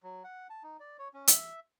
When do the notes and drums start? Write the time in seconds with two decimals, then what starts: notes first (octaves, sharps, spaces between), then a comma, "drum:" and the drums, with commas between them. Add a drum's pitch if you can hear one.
0.03 F#3
0.24 F#5
0.50 A5
0.63 D#4
0.80 D5
0.99 C#5
1.14 C#4
1.28 E5, drum: hi-hat